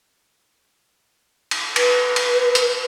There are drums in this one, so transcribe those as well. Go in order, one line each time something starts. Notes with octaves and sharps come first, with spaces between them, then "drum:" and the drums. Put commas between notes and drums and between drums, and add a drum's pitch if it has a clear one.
drum: cymbal
B4, drum: cymbal
drum: cymbal
drum: hi-hat